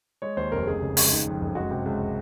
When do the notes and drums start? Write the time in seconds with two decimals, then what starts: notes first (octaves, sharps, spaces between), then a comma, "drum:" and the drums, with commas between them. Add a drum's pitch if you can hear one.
0.22 G#3 C#5
0.37 D#2 C5
0.52 F1 A#4
0.67 C#2 G#4
0.82 C#3
0.97 C#2, drum: open hi-hat
1.11 D#3
1.27 F2
1.41 F#1
1.55 G#3 F#4
1.71 C3
1.85 C#2